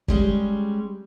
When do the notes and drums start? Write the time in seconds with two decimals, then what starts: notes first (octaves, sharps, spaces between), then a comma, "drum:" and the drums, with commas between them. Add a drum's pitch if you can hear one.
0.08 G3 G#3 C#4, drum: kick